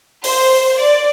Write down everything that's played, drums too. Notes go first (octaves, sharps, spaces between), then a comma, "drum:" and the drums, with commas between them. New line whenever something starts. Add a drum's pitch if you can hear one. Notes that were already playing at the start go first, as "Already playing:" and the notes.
C5, drum: open hi-hat
D5